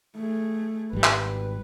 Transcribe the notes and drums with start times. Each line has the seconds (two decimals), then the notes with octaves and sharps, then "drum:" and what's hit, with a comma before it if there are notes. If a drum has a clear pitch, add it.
0.17 A3 G#4
0.93 G#1 G3 B4
1.04 drum: clap